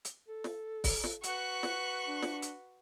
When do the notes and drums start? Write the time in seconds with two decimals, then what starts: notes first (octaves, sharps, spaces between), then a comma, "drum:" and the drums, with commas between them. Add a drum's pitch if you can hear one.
0.05 drum: hi-hat
0.28 A4
0.44 drum: snare
0.84 drum: kick, open hi-hat
1.04 drum: snare
1.23 F#4 B4 C#6 F#6, drum: hi-hat
1.63 drum: snare
2.07 D4
2.22 drum: snare
2.42 drum: hi-hat